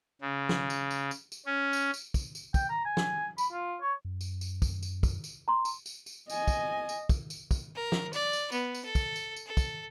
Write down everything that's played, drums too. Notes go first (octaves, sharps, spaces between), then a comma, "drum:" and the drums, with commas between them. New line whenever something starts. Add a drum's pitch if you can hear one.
C#3
drum: snare
drum: tambourine
drum: tambourine
drum: tambourine
drum: tambourine
C#4
drum: tambourine
drum: tambourine
drum: kick, tambourine
drum: tambourine
G5, drum: kick, tambourine
A#5
G#5
drum: snare
B5, drum: tambourine
F4
C#5
F#2
drum: tambourine
drum: tambourine
drum: kick, tambourine
drum: tambourine
drum: kick, tambourine
drum: tambourine
A#5 C6
drum: tambourine
drum: tambourine
drum: tambourine
D#5 G#5, drum: tambourine
drum: kick, tambourine
drum: tambourine
drum: kick, tambourine
drum: tambourine
drum: kick, tambourine
A#4
drum: snare
D5, drum: tambourine
drum: tambourine
B3, drum: tambourine
drum: tambourine
A4
drum: kick, tambourine
drum: tambourine
drum: tambourine
A4
drum: kick, tambourine